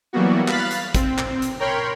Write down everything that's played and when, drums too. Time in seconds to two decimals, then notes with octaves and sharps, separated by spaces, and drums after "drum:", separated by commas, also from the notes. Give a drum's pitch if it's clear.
0.13 E3 F#3 G3 A#3 B3 F#4
0.48 F5 B5 F#6 A6 B6, drum: clap
0.71 drum: hi-hat
0.94 C4, drum: kick, hi-hat
1.18 drum: clap
1.42 drum: hi-hat
1.60 A#4 C#5 G5 B5 C6